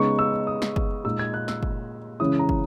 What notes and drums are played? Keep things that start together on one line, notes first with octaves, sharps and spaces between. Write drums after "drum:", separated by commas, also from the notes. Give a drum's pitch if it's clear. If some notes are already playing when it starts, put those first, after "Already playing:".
Already playing: C#3 G#3 B3 D#4 C#6
E6
D#6
drum: snare
drum: kick
A#2 G#3 D#4 E6
G#6
F#6
E6, drum: snare
drum: kick
C#3 E3 G#3 C#4 E4 D#6
A#5
drum: kick